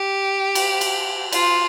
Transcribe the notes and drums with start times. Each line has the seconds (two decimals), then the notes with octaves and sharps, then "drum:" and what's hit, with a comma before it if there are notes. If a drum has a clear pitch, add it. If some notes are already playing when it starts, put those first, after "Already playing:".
Already playing: G4
0.55 drum: cymbal
0.81 drum: cymbal
1.32 F4, drum: cymbal